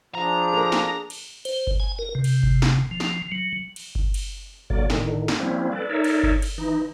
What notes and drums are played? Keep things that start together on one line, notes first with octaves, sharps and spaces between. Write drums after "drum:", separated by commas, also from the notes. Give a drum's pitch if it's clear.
F3 D4 G#4 A#5
A4 A#4
drum: snare
drum: cymbal
C5, drum: cymbal
drum: kick G1
G#5
A#4
C3
drum: cymbal
drum: kick G1
drum: snare
F3
drum: snare
F#3
drum: cymbal
drum: kick G1
drum: cymbal
B2 D3 F#3 A#3 D5, drum: kick G1
A2 D3 D#3, drum: snare
drum: snare
F3 G3 A#3 C4 C#4 E4
A4 B4 D5
D#4 A4 A#4 C#5 D5 E5
drum: cymbal
drum: kick G1
drum: cymbal
E3 D#4